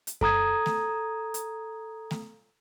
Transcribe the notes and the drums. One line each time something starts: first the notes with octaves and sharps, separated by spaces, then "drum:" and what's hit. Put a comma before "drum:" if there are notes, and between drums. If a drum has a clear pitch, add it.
drum: hi-hat
A4 A#5 D#6 G#6, drum: kick F#2
drum: snare A3
drum: hi-hat
drum: snare A3